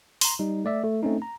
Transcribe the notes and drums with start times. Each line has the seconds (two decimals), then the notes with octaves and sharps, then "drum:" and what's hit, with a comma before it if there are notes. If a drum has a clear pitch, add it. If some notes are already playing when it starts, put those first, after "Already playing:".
0.21 A#5 C6, drum: open hi-hat
0.39 G3 D#4
0.65 A3 D5 E5
0.84 A3
1.03 A3 C4 C#4 D#4
1.22 A#5